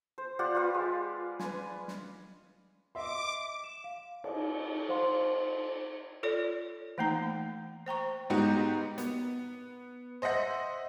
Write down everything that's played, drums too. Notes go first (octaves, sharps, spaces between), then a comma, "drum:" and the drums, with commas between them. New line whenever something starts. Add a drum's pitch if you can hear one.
C5
F4 G4 D5 F#5
F4 B4 F5 B5
G#3
B4 G#5, drum: snare
drum: snare
D#5 E5 C6 D6
E7
F5
drum: cymbal
C5 F5 F#5 C6
F4 A4 C#5 D5
E3 A3 A#3 D#4 A#5
C5 G5 A#5 C#6
G#2 B3 D#4 F#4 G4
B3, drum: hi-hat
C5 D#5 E5 F#5 A#6